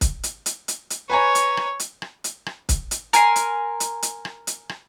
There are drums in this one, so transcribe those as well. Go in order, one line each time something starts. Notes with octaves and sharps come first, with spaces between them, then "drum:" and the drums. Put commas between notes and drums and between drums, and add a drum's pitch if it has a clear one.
drum: kick, hi-hat
drum: hi-hat
drum: hi-hat
drum: hi-hat
drum: hi-hat
B4 C#5 G#5 A#5
drum: hi-hat
drum: rim click
drum: hi-hat
drum: rim click
drum: hi-hat
drum: rim click
drum: kick, hi-hat
drum: hi-hat
A#4 G#5 C6, drum: hi-hat
drum: hi-hat
drum: hi-hat
drum: hi-hat
drum: rim click
drum: hi-hat
drum: rim click